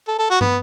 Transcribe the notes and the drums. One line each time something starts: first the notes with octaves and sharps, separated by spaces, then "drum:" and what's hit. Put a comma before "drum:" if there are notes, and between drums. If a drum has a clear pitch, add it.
A4
A4
F#4
B3, drum: tom